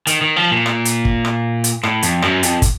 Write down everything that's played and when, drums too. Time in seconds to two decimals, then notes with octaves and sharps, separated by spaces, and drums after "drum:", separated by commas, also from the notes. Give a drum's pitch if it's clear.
0.07 D#3, drum: hi-hat
0.22 D#3
0.36 F3
0.51 A#2
0.66 drum: rim click
0.85 drum: hi-hat
1.05 drum: kick
1.25 drum: rim click
1.64 drum: hi-hat
1.83 A2, drum: rim click
2.03 F2, drum: hi-hat
2.22 F#2, drum: rim click
2.43 F2, drum: hi-hat
2.62 drum: kick, hi-hat